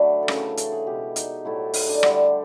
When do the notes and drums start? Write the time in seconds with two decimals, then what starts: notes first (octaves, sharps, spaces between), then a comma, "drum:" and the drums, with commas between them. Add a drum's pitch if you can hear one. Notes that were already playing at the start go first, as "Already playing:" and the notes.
Already playing: D3 F#3 A3 B4
0.23 A4
0.28 C#3 E3 A3 A#4, drum: rim click
0.57 A4, drum: hi-hat
0.72 G#4
0.86 B2 G#3 G4
1.16 D#4, drum: hi-hat
1.45 A2 F#3 A3 E4
1.74 D#4, drum: open hi-hat
1.89 D4
2.03 D3 G3, drum: rim click